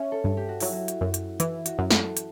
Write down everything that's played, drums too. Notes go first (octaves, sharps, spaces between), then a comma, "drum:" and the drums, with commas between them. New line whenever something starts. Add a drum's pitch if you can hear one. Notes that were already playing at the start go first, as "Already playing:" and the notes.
Already playing: C#4 C#5 E5
A4
G2
G4
F#4
F#3 E4, drum: open hi-hat
F#4
drum: hi-hat
F#2
drum: hi-hat
E3 E4, drum: hi-hat
F#4, drum: hi-hat
F#2
A4, drum: snare
drum: hi-hat